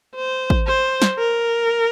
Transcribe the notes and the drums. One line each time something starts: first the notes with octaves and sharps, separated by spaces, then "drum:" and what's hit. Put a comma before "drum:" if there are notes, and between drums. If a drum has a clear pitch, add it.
C5
drum: kick
C5
drum: snare
A#4